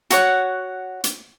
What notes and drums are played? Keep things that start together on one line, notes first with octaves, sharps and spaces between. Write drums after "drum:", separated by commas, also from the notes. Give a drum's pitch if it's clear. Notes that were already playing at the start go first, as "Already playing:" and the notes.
F#4 C#5 F#5, drum: hi-hat
drum: hi-hat